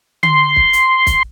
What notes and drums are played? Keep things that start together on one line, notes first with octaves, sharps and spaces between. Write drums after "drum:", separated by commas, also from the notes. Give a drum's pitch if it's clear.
C6, drum: tom D3
drum: kick
drum: hi-hat
drum: kick, hi-hat